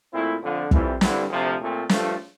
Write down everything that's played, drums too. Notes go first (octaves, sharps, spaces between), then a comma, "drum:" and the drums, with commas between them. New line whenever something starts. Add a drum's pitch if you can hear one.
A#2 A3 C4 E4
F2 D3 F3
F2 E3 G3 C4 E4, drum: kick
G2 D3 G3 C4 E4, drum: snare
D2 C3 F3
A#2 A3 C4
G2 F3 A3, drum: snare